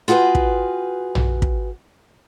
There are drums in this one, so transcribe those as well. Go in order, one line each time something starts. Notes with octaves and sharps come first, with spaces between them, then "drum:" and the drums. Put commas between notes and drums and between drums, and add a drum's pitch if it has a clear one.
F4 F#4 G#4 B4 G5
drum: kick
drum: tom
drum: kick